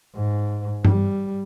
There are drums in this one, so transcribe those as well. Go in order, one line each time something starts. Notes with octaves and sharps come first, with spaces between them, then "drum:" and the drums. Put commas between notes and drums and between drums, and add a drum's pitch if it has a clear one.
G#2
G3, drum: tom G2